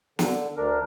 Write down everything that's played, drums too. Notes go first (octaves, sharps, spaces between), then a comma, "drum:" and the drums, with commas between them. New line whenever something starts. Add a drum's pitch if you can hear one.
D3, drum: snare
D2 D4 A#4